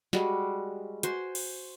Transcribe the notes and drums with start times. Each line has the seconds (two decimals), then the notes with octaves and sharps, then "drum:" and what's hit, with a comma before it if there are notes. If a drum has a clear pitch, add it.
0.13 G3 G#3 F#4, drum: snare
1.03 F#4 C5 G#5 C6, drum: hi-hat
1.35 drum: cymbal